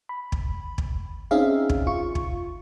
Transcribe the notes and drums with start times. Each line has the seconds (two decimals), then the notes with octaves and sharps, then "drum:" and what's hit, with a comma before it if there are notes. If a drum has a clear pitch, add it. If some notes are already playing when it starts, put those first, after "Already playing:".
0.09 B5
0.32 drum: kick
0.78 drum: kick
1.31 C4 C#4 D#4 G#4 E5 F5
1.69 drum: kick
1.87 F4 C#6
2.15 drum: kick